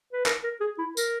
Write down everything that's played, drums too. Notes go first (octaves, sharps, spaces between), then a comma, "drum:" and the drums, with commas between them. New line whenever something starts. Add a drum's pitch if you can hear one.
B4
A#4, drum: clap
A#4
G#4
E4
A#4, drum: tambourine